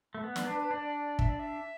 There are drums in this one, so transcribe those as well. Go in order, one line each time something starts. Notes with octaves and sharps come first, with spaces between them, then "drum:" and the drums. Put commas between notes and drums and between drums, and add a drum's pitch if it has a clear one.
A3
B3
D5, drum: snare
D4 B4
B4
D4 D5
E5, drum: kick
D5
E5